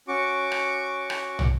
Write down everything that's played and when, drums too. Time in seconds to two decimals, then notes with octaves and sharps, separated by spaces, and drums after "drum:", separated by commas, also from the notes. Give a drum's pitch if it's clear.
0.08 C#4 F#4 C#6 D6
0.52 drum: rim click
1.10 drum: rim click
1.39 drum: tom